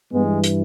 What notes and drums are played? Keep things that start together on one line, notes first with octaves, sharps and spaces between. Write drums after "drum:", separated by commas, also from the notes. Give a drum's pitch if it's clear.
G2 E3 G#3 B3
drum: hi-hat